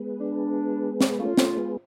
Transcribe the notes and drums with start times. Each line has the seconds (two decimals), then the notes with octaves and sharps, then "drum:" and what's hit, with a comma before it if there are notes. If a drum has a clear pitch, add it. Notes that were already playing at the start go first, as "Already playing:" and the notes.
Already playing: G#3 B3
0.20 D4
1.01 drum: snare
1.19 A3 C#4 F4
1.37 A3 C#4, drum: snare
1.57 G#3 B3